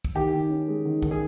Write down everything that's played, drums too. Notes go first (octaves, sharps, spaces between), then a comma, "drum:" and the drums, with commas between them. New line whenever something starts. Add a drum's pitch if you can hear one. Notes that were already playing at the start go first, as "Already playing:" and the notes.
drum: kick
D#3 G4
D#3
C#4
G#3
D#3
D#3, drum: kick
G#4